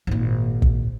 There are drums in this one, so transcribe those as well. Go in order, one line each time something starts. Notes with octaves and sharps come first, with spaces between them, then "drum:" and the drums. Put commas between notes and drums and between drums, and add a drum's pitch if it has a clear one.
G#1 A#2
drum: kick